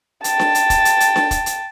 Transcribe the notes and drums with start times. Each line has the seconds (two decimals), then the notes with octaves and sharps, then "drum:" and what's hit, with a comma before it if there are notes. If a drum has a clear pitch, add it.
0.24 G5 A5, drum: hi-hat
0.39 drum: snare D4
0.55 drum: hi-hat
0.70 drum: kick, hi-hat
0.85 drum: hi-hat
1.00 drum: hi-hat
1.16 drum: snare D4
1.31 drum: kick, hi-hat
1.46 drum: hi-hat